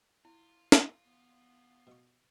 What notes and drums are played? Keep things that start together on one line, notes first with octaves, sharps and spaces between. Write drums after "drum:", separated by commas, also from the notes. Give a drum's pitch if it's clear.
E4 F4
drum: snare
B3
B2 C#6